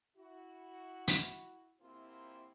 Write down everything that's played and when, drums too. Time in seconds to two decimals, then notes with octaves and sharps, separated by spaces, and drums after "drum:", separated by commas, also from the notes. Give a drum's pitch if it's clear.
0.16 E4 F#4
1.07 drum: hi-hat
1.81 F#2 C3 A#3 C4 E4 F4